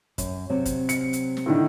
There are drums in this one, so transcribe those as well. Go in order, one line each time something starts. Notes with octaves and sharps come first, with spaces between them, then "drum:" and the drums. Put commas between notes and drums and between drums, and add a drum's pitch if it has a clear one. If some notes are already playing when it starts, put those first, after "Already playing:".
F#2, drum: kick, hi-hat
C3 F#3 C4
drum: kick, hi-hat
C#7, drum: hi-hat
drum: hi-hat
drum: snare
A2 D3 D#3